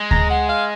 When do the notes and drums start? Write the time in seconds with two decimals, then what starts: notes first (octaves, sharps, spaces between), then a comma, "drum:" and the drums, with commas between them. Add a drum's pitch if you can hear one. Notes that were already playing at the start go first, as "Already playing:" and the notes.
Already playing: G#3
0.11 A#5, drum: kick D2
0.30 F#5
0.49 F5